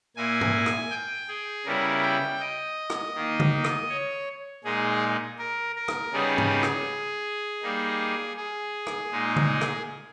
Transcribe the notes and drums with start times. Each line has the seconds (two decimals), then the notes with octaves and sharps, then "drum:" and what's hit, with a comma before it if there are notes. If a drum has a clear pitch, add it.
0.16 A#2 A#3 E4 G#5
0.41 drum: tom G#2
0.66 drum: rim click
0.91 G5
1.28 G#4
1.65 C#3 G3 B3 E4 A#4
2.03 G5
2.40 D#5
2.90 drum: rim click
3.15 D#3 A#3 D#4
3.40 drum: tom C#3
3.64 drum: rim click
3.89 C#5
4.64 A#2 G#3 D#4 G#4
5.38 A#4
5.75 A#4
5.88 drum: rim click
6.13 C#3 G3 B3 D#4 G#4
6.38 drum: tom G#2
6.63 drum: rim click
7.62 G3 A#3 D#4
8.37 G#4
8.87 drum: rim click
9.11 A#2 G#3 D#4
9.36 drum: tom C#3
9.61 drum: rim click